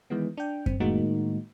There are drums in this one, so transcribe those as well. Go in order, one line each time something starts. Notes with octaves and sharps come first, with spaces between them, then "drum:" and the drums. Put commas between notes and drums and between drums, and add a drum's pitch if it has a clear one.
D#3 E3 G#3 B3
D4 G5
C4, drum: kick F#2
A2 D#3 G#3 A#3 D#4 F#4